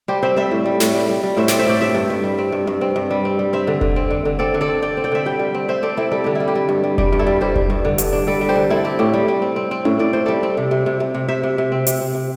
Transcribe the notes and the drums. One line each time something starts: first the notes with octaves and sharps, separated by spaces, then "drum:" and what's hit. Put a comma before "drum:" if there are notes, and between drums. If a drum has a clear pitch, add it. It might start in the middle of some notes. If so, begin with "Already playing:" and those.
G3 G4 C5
C4 C5 E5
G3 C5 E5
A2
G3
A2, drum: snare
G3
G3
G3
A2 C5 E5
C4 D5 G5, drum: snare
C5 E5
A2 D5 G5
G2 C5 E5
G2
G2
G3
C4
G2
G2
C4
G2
G3
C4
G3
C4 C5 E5
D3
D3, drum: kick F1
C4
D3
D3
C4 A4 D5
D3
A4 D5
C4
C4 D5 G5
C4
D5 G5
D3 C5 E5
G3 D5 G5
G3
C4
C4 C5 E5
C4 A4 D5
C4 E4 A4
G3 A4
D3 G4
E4
G3
G4
G3
G2
G3
G3 G4, drum: kick F1
G2
E4 A4
G3
G3 G4 C5
G3, drum: kick F1
G2
D3
G2, drum: hi-hat
D4
G3 A4 D5
G3
G4 C5
D3
C4 E4 A4
C4 G4
A2 G4
G3
G3
C4
C4
C4
A2, drum: tom C#4
A2 D5
A2 C5
G3 A4 D5
C4
C3
C3
C3
C3
C3
C3 C5 E5
C3
C3
C4
C3, drum: hi-hat
C3
C3